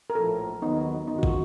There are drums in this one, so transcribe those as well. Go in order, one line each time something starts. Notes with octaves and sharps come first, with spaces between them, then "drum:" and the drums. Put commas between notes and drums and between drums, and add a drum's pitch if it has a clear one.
A#4
A#1 A2 F3 A4
D#2 D#3 F#3 B3 D#4
G#1 F#2 D#3 D#4
F#4
F4, drum: kick